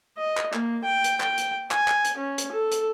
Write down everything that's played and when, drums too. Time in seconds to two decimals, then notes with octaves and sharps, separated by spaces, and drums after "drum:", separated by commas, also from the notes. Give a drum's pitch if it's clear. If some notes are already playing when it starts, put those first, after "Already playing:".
0.17 D#5
0.37 drum: clap
0.54 A#3, drum: clap
0.84 G5
1.04 drum: hi-hat
1.20 G5, drum: clap
1.38 drum: hi-hat
1.71 G#5, drum: clap
1.88 drum: clap
2.05 drum: hi-hat
2.17 C#4
2.38 drum: hi-hat
2.52 A4
2.72 drum: hi-hat